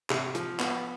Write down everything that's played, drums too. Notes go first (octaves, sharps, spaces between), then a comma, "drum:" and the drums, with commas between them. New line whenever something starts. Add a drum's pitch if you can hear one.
C3, drum: clap
F3, drum: hi-hat
B3, drum: clap